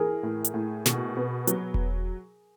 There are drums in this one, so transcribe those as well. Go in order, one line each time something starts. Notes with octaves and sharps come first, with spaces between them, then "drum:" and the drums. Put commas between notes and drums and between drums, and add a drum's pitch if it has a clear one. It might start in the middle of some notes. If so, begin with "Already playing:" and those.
Already playing: E3 G#4 A#4
A2
drum: hi-hat
A2
B2, drum: snare
B3
F#3, drum: hi-hat
drum: kick E1